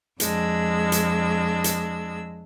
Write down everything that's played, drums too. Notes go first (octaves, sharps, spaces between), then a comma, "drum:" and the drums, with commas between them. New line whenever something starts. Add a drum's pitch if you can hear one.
F2 G#3 D4 E6, drum: hi-hat
drum: hi-hat
drum: hi-hat